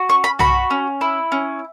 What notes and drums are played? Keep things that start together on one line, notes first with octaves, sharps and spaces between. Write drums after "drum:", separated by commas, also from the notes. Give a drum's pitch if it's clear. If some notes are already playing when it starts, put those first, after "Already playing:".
Already playing: F#4
C#4 C#6
B5
F#4 B5, drum: tom
C#4
E4
C#4